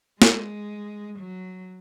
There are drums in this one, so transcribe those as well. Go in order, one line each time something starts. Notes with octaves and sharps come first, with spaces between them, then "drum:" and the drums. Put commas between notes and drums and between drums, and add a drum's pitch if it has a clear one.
G#3, drum: snare
F#3